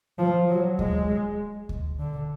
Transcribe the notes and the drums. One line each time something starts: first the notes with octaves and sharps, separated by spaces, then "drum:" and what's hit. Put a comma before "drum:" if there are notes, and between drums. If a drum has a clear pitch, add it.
F3
F#3
G#3, drum: kick D2
drum: kick D2
D3